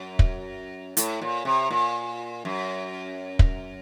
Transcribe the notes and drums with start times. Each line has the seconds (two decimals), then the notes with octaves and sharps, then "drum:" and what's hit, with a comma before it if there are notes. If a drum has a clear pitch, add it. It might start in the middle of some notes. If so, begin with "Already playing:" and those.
Already playing: F#2
0.19 drum: kick
0.97 A2, drum: hi-hat
1.22 A#2
1.45 C3
1.70 A#2
2.45 F#2
3.39 drum: kick